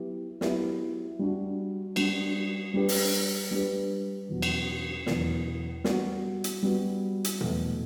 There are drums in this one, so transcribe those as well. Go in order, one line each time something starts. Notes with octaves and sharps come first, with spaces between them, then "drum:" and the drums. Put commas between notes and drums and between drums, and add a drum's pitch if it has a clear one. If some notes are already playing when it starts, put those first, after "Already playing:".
Already playing: F#3 B3 E4 G4
F#3 B3 E4 G4, drum: snare
G3 D4 F#4
G3 D4 F#4, drum: cymbal
G3 D4 G4 B4
drum: open hi-hat
G3 D4 G4 B4
E2 B2 F#3
drum: cymbal
E2 B2 F#3, drum: snare
G3 B3 F#4, drum: snare
drum: hi-hat
G3 B3 F#4
drum: hi-hat
E2 B2 F#3 A3, drum: tom A#2